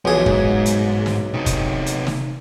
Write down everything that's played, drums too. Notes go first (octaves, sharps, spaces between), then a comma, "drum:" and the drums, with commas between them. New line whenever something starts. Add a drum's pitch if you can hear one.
B1 E3 F3 G#4
G#2, drum: kick
drum: hi-hat
drum: snare
C3 D#4
drum: kick, hi-hat
drum: hi-hat
drum: snare